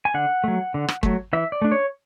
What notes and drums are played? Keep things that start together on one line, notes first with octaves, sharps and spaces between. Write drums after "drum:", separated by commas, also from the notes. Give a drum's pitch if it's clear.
G#5
D3 F#5
F#3 A3
D3
drum: rim click
F#3 A3, drum: kick
E3 E5
D5
A3 D4
C#5